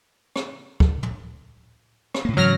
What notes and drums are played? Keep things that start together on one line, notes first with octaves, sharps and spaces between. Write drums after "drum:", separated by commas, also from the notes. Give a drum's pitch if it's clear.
drum: rim click
drum: kick
drum: tom
drum: rim click
A2 A#3
G#2 C#3 E3 F#3 F6 A#6